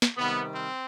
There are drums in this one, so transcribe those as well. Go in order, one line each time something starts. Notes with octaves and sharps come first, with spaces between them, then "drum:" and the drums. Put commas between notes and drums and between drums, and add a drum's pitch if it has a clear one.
drum: snare
C3 D#3 G3 B3
C4